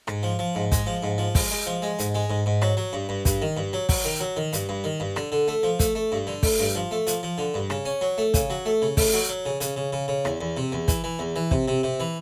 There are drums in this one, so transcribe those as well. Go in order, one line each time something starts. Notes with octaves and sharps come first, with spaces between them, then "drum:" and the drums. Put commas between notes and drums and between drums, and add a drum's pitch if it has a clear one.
G#2, drum: rim click
F3
F3
G#2
G#3, drum: kick, hi-hat
F3
G#2
F3
G#3, drum: kick, open hi-hat
G#3
F3
G#3
G#2, drum: hi-hat
G#3
G#2
G#2
F#3, drum: rim click
F#3
G2
G2
G2, drum: kick, hi-hat
D#3
G2
F#3
F#3, drum: kick, open hi-hat
D#3
F#3
D#3
G2, drum: hi-hat
G2
D#3
G2
D3, drum: rim click
D3
A3
F3
A3, drum: kick, hi-hat
A3
G2
D3
A3, drum: kick, open hi-hat
G2
F3
A3
F3, drum: hi-hat
F3
D3
G2
C#3, drum: rim click
C#4
F#3
A3
C#3, drum: kick, hi-hat
F#3
A3
C#3
A3, drum: kick, open hi-hat
F#3
F#3
C#3
C#3, drum: hi-hat
C#3
C#3
C#3
E2, drum: rim click
E2
C3
E2
E3, drum: kick, hi-hat
E3
E2
E3
C3, drum: kick
C3
C3
E3